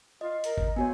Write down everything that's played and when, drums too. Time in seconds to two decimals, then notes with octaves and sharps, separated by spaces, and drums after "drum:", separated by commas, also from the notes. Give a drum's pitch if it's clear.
0.21 F4 D#5
0.44 A#4, drum: hi-hat
0.58 drum: kick G#1
0.76 B3 F#4 C#5 G#5